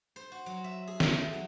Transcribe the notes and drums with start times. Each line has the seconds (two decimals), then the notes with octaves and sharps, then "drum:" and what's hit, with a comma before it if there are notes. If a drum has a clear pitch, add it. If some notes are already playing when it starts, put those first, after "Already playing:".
0.16 C5
0.32 F#4
0.46 F#3
0.64 E5
0.87 G#4
1.00 D#3, drum: snare
1.14 A3
1.33 F#3